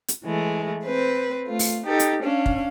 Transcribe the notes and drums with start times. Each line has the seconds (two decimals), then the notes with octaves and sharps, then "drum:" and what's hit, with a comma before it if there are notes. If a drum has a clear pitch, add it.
0.08 drum: hi-hat
0.24 E3 G#3 A3
0.84 C4 B4 C5
1.47 A3 F4
1.59 drum: open hi-hat
1.86 D#4 G4 A4
1.99 drum: hi-hat
2.22 C#4 D4 F5
2.46 drum: kick